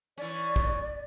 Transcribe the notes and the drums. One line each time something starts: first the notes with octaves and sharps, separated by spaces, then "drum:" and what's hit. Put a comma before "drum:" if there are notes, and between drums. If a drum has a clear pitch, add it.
E3 C#4 D5, drum: tambourine
drum: kick, tambourine